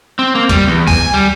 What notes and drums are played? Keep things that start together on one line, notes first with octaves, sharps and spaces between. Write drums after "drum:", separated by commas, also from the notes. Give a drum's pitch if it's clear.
C4
A#3
G3, drum: kick C#2, hi-hat
E2
G#5, drum: kick C#2, open hi-hat
G3